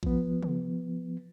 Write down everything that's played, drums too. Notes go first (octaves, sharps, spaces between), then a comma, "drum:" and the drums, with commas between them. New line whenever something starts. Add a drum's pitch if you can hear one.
F3 B3, drum: kick A#1
drum: tom